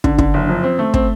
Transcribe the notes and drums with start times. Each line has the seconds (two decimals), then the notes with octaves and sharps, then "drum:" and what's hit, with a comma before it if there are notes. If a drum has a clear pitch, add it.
0.04 D3, drum: kick
0.18 D3, drum: kick
0.34 F#1
0.49 F2
0.64 C4
0.79 A3
0.94 C4, drum: kick